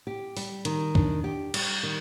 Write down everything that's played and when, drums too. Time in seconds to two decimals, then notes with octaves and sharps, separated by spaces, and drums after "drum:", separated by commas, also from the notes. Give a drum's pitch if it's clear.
0.07 G4
0.37 G3, drum: open hi-hat
0.65 D#3, drum: hi-hat
0.95 D4, drum: kick
1.24 G4
1.54 G3, drum: cymbal
1.83 D#3